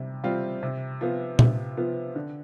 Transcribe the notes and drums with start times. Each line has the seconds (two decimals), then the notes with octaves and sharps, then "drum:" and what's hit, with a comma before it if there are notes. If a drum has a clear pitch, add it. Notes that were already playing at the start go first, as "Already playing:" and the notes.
Already playing: C3 G3
0.24 G3 C4 F4
0.63 C3
1.01 F3 B3 F4
1.39 C3, drum: tom A#2
1.77 F3 B3 F4
2.16 D3